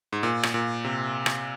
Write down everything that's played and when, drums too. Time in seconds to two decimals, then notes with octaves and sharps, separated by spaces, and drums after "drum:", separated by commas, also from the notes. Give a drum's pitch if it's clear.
0.13 G#2
0.23 A#2
0.43 drum: rim click
0.54 A#2
0.85 C3
1.26 drum: rim click